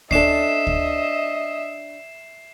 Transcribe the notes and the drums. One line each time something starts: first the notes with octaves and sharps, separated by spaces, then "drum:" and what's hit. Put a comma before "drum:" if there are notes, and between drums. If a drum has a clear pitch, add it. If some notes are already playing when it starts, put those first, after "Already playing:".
C#4 D4 A4 D#5 E5 C7 E7, drum: kick
drum: kick